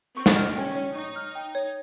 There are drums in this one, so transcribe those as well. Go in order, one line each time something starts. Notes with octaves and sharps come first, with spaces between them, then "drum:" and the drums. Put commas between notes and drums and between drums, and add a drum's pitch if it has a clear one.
C4 C#6
drum: snare
F6
C#4 G5
C#5
D#4 C#6
F6
G5
C#5